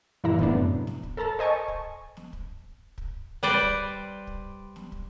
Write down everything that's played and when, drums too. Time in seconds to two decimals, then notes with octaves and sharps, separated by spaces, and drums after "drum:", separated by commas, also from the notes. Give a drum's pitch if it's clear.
0.24 G2 A#2 E3 E4 E5 A#5
0.39 A2 C3 B3 D4, drum: kick
0.55 F#2
0.87 drum: snare
1.03 drum: kick
1.17 A4 A#4 A5 A#5
1.39 C5 D#5 G#5 A5 C#6
1.68 drum: kick
2.17 drum: snare
2.33 drum: kick
2.98 drum: kick
3.43 G3 B4 C5 D5
3.62 drum: kick
4.27 drum: kick
4.76 drum: snare
4.92 drum: kick